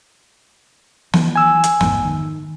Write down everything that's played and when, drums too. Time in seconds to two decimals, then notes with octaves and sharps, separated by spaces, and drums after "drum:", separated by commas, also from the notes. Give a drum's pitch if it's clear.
1.14 E3 F#3, drum: snare
1.36 G#5 E6
1.64 drum: hi-hat
1.81 A#1 F2 G#2, drum: snare
2.04 D#3